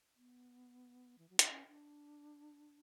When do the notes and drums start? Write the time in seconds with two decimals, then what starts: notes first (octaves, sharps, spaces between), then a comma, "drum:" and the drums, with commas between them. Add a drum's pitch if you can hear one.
0.16 B3
1.18 E3
1.29 F#3
1.39 D4, drum: hi-hat
1.49 C#4
1.68 D4